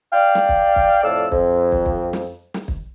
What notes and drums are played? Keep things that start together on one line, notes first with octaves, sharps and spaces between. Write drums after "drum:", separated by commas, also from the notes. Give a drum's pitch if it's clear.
D5 F5 G5
drum: snare
drum: kick
drum: kick
F2 A2 A4 D5 F5 E6
F2, drum: kick
drum: kick
drum: kick
drum: snare
drum: snare
drum: kick